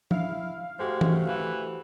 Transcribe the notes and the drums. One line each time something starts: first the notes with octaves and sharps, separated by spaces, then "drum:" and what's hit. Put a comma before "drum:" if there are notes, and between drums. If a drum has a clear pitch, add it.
E4 F5, drum: tom
G#3 A3 F#4 G4 C5
drum: tom E3
E3